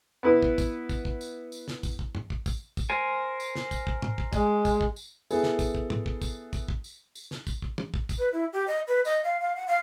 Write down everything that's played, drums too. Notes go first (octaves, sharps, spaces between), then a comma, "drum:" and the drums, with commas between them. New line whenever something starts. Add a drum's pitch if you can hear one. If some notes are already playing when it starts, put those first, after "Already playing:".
B3 E4 B4
drum: kick
drum: kick, tambourine
drum: kick, tambourine
drum: kick
drum: tambourine
drum: tambourine
drum: snare
drum: kick, tambourine
drum: kick
drum: tom
drum: kick
drum: kick, tambourine
drum: kick, tambourine
A#4 C5 G#5
drum: tambourine
drum: snare
drum: kick, tambourine
drum: kick
drum: tom
drum: kick
G#3, drum: kick, tambourine
drum: kick, tambourine
drum: kick
drum: tambourine
B3 E4 G#4 A4, drum: tambourine
drum: snare
drum: kick, tambourine
drum: kick
drum: tom
drum: kick
drum: kick, tambourine
drum: kick, tambourine
drum: kick
drum: tambourine
drum: tambourine
drum: snare
drum: kick, tambourine
drum: kick
drum: tom
drum: kick
drum: kick, tambourine
B4
E4
G4
D#5
B4
D#5, drum: tambourine
F5
F5
F#5
F5